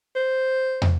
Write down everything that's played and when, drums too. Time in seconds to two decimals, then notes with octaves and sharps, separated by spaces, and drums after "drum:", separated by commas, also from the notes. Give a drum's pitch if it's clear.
0.16 C5
0.82 drum: tom